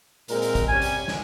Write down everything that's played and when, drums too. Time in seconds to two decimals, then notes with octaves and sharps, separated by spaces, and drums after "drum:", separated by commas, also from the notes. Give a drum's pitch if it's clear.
0.28 A#2 G#3 C4 A#4, drum: hi-hat
0.42 drum: hi-hat
0.55 drum: kick A1, hi-hat
0.68 C3 G3 C#4 G#5
0.82 drum: hi-hat
1.08 drum: snare